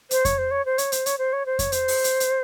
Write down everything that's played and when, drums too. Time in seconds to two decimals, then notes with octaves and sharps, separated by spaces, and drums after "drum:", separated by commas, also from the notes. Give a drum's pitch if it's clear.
0.11 C5, drum: hi-hat
0.25 C#5, drum: kick F2, hi-hat
0.38 C5
0.51 C#5
0.65 C5
0.78 C#5, drum: hi-hat
0.92 C5, drum: hi-hat
1.06 C#5, drum: hi-hat
1.18 C5
1.33 C#5
1.46 C5
1.59 C#5, drum: kick F2, hi-hat
1.72 C5, drum: hi-hat
1.88 drum: open hi-hat
2.04 drum: hi-hat
2.20 drum: hi-hat